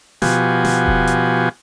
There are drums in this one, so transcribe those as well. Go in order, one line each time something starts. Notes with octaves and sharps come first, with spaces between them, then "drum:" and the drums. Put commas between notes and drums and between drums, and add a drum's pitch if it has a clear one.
B2 F3 F#4 G4 G#5, drum: snare
drum: snare
drum: kick E1
drum: hi-hat